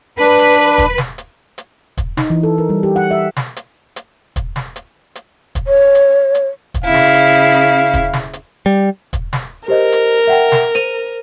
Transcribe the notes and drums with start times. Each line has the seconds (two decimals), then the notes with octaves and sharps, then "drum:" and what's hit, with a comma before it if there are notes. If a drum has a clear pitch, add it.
0.19 D4 B4
0.38 drum: hi-hat
0.78 drum: kick, hi-hat
0.98 drum: snare
1.18 drum: hi-hat
1.58 drum: hi-hat
1.97 drum: kick, hi-hat
2.17 D#4, drum: snare
2.30 E3
2.43 A4
2.58 A#4
2.69 G3
2.83 G4
2.96 F#5
3.11 E5
3.37 drum: snare
3.56 drum: hi-hat
3.96 drum: hi-hat
4.36 drum: kick, hi-hat
4.56 drum: snare
4.76 drum: hi-hat
5.15 drum: hi-hat
5.55 drum: kick, hi-hat
5.67 C#5
5.95 drum: hi-hat
6.35 drum: hi-hat
6.74 drum: kick, hi-hat
6.84 C#3 E4 F5
6.94 drum: snare
7.14 drum: hi-hat
7.54 drum: hi-hat
7.94 drum: kick, hi-hat
8.13 drum: snare
8.33 drum: hi-hat
8.66 G3
9.13 drum: kick, hi-hat
9.33 drum: snare
9.68 G4 A#4 C5 D#5
9.92 drum: hi-hat
10.27 E5 F#5 G5
10.52 drum: snare
10.75 C5 D#7 F7, drum: hi-hat